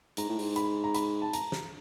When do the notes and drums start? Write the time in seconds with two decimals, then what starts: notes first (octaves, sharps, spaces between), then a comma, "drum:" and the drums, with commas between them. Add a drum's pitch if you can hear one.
0.17 G#2 A#5, drum: hi-hat
0.29 A2
0.39 G#2, drum: open hi-hat
0.56 B5, drum: hi-hat
0.84 A#5
0.95 B5, drum: hi-hat
1.22 A5
1.33 A#5, drum: hi-hat
1.52 drum: snare